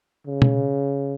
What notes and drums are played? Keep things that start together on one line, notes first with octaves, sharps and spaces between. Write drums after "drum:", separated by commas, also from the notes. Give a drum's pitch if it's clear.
C#3
drum: tom B2